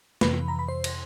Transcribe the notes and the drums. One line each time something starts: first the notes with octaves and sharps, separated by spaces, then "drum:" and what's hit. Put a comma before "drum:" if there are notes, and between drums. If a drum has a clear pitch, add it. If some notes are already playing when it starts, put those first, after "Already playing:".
F2 C3 E3 B4 B5, drum: snare
A#5
B5
C5 C6
drum: cymbal